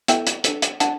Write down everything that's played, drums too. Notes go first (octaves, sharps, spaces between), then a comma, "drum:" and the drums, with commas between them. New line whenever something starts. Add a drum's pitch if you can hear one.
B3 E4 A4 E5 G5, drum: hi-hat
drum: hi-hat
D4 A4, drum: hi-hat
drum: hi-hat
D4 F#5 A5, drum: hi-hat